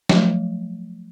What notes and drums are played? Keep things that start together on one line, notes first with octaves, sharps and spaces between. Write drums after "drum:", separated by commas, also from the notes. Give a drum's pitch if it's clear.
F3 F#3 A3, drum: snare